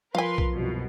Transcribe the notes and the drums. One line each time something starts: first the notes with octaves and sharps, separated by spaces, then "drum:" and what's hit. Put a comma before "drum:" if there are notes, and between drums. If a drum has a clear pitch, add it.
F3 A#4 B4 F5 G#5 C6
drum: kick B1
C2 F#2 B2